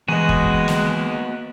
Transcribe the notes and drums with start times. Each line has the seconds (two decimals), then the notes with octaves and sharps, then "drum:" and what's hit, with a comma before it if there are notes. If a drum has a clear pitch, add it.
0.08 E3 G#3 A#3 B3 F#4 D#5 G#5
0.29 drum: kick
0.68 drum: snare